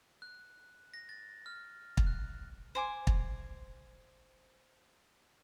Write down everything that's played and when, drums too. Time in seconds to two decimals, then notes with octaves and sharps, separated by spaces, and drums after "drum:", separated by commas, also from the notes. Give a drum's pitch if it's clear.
0.22 F#6
0.94 A#6
1.09 A6
1.46 F6
1.97 drum: kick
2.07 F#6
2.75 C5 G#5 D6
3.07 drum: kick